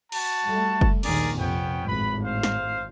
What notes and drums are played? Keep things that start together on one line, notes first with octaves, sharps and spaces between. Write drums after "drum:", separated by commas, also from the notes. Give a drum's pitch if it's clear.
F#4 A5, drum: cymbal
G3 A3
drum: kick
A#1 D#2 D#3 G#4 A#4 D5, drum: cymbal
F2 C3 B3 C#4 G5
G#1 A2 B4 B5
C5 F5
drum: snare